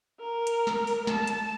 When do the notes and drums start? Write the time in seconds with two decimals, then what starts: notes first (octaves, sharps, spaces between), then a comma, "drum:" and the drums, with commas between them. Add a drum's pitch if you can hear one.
0.20 A#4
0.47 drum: hi-hat
0.67 drum: snare
0.87 drum: open hi-hat
1.07 A5, drum: snare
1.27 drum: hi-hat